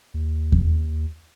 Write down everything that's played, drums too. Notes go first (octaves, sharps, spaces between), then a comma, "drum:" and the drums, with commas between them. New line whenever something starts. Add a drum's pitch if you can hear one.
D#2
drum: kick E2